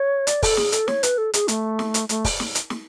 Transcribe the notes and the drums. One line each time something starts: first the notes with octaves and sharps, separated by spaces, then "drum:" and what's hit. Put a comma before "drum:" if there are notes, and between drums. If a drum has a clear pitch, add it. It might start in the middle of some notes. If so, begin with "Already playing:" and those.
Already playing: C#5
D5, drum: hi-hat
A4, drum: kick, open hi-hat
G#4, drum: snare
A4, drum: hi-hat
C#5, drum: snare
B4, drum: hi-hat
A4
G#4, drum: hi-hat
A3, drum: hi-hat
drum: snare
drum: hi-hat
A3, drum: hi-hat
drum: kick, open hi-hat
drum: snare
drum: hi-hat
drum: snare